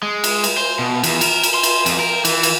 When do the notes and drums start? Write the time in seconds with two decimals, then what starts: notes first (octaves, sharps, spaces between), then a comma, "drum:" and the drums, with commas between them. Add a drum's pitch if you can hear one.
0.03 G#3
0.24 drum: cymbal
0.44 drum: cymbal
0.57 C5
0.79 B2
1.04 E2, drum: cymbal
1.21 A#4, drum: cymbal
1.43 drum: cymbal
1.54 C6
1.63 drum: cymbal
1.86 F2, drum: cymbal
2.00 A#4
2.25 E3, drum: cymbal
2.43 drum: cymbal